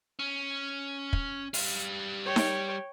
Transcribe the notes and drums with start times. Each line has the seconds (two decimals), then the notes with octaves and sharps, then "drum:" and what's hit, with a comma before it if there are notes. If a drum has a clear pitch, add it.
0.19 C#4
1.13 drum: kick
1.54 G3 F5, drum: open hi-hat
2.25 C#5 G5
2.36 drum: snare D#4